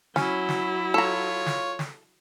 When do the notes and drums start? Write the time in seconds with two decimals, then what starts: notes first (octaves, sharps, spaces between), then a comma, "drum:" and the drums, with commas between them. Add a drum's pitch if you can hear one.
0.16 F#3 C#4 E4, drum: snare
0.49 drum: snare
0.94 F4 A4 C#5 A#5
1.46 drum: snare
1.79 drum: snare